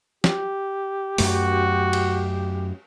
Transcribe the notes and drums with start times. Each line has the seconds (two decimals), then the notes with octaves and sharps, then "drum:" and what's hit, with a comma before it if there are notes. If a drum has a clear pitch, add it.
0.24 G4, drum: snare
1.18 F#2 A3 F#4, drum: open hi-hat
1.93 drum: cymbal